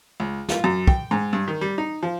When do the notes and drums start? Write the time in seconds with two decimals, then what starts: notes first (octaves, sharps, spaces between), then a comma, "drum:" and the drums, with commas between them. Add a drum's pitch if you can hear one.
0.20 C#2
0.49 F4, drum: snare
0.64 F#2
0.87 G5, drum: kick
1.11 G#2
1.33 G2
1.48 D#3
1.61 G3
1.78 D#4
2.03 F3